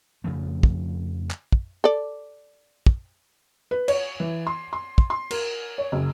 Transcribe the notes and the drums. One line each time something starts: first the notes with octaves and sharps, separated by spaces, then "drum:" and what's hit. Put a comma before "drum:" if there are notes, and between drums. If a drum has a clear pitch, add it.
F2 C#3 F3 A3
drum: kick
drum: clap
drum: kick
A4 D5
drum: kick
B4
C#5, drum: cymbal
E3
C6
C6
drum: kick
C6
A#4, drum: cymbal
C#5
F#1